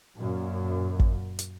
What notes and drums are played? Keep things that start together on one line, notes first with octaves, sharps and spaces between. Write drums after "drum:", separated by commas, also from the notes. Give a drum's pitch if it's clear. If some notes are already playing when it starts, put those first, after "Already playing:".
F#2 A#2
drum: kick
drum: hi-hat